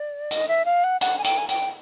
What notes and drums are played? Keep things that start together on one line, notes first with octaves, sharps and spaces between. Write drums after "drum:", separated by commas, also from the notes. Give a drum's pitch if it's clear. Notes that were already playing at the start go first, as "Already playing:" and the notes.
Already playing: D5
D#5, drum: hi-hat
E5
F5
F#5
F#5, drum: hi-hat
G#5
G5, drum: hi-hat
G#5
G5, drum: hi-hat